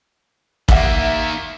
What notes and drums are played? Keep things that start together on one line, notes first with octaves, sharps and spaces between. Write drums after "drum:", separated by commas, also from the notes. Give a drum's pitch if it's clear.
D#3 G3 A#3 E5 F#5, drum: kick